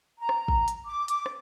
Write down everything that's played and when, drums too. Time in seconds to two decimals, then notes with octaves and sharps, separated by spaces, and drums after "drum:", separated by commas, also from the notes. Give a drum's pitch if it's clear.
0.19 A#5
0.29 drum: rim click
0.48 drum: kick
0.68 drum: hi-hat
0.87 D6
1.08 D6, drum: hi-hat
1.26 drum: rim click